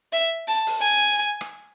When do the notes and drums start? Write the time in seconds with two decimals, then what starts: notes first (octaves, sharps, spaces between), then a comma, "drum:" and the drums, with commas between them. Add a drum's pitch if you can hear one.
0.13 E5
0.48 A5
0.67 drum: open hi-hat
0.81 G#5
1.41 drum: rim click